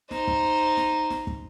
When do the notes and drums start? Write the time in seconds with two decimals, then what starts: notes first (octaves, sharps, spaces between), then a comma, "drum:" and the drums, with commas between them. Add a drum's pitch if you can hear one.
0.11 D#4 C5, drum: snare
0.27 drum: kick
0.77 drum: snare
1.10 drum: snare
1.27 drum: kick